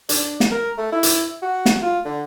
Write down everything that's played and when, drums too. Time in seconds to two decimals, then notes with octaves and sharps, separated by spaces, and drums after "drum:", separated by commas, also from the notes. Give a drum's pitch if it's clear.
0.09 D4, drum: hi-hat
0.40 drum: snare
0.52 A#4
0.78 A3
0.92 E4
1.03 drum: hi-hat
1.42 F#4
1.66 drum: snare
1.83 F4
2.05 D3